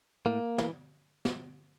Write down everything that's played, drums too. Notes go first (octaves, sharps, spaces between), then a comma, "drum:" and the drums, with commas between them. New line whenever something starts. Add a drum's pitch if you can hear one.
A2 A#3
E3, drum: snare
drum: snare